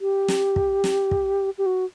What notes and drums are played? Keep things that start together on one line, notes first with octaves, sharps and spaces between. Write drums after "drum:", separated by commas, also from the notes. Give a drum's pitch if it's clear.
G4
drum: snare
drum: kick
drum: snare
drum: kick
G4
F#4